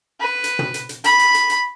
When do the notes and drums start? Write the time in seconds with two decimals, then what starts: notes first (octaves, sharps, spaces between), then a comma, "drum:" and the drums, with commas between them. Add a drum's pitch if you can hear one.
0.20 B4
0.44 drum: hi-hat
0.59 drum: tom
0.74 drum: hi-hat
0.89 drum: hi-hat
1.04 B5, drum: hi-hat
1.19 drum: hi-hat
1.34 drum: hi-hat
1.50 drum: hi-hat